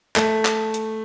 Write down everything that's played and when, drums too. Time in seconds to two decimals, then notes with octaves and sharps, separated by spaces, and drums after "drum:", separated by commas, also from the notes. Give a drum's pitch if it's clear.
0.16 A3, drum: clap
0.45 drum: clap
0.74 drum: hi-hat